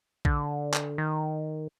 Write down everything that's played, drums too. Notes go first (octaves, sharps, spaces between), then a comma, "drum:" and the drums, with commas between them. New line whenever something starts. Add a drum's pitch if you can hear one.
D3, drum: kick A#1
drum: clap
D#3